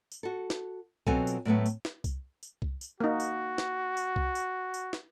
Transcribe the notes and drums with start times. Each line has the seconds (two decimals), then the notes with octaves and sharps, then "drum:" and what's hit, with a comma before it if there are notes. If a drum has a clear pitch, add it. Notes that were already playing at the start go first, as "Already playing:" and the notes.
0.12 drum: tambourine
0.23 F#4 A4
0.50 drum: snare
1.07 B2 F#3 C4 F4 A4 G#5, drum: kick C2
1.27 drum: tambourine
1.45 A2 F#3 A3 B3
1.66 drum: tambourine
1.85 drum: snare
2.04 drum: kick C2, tambourine
2.43 drum: tambourine
2.62 drum: kick C2
2.81 drum: tambourine
3.00 A#3 D#4 F#4
3.20 drum: tambourine
3.58 drum: snare
3.97 drum: tambourine
4.16 drum: kick C2
4.35 drum: tambourine
4.74 drum: tambourine
4.93 drum: snare